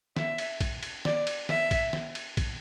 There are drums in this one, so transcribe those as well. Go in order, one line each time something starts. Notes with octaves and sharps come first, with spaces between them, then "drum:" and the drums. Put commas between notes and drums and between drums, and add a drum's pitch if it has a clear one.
E5, drum: snare
drum: cymbal
drum: kick, cymbal
drum: cymbal
D5, drum: snare
drum: cymbal
E5, drum: snare
drum: kick, cymbal
drum: snare
drum: cymbal
drum: kick, cymbal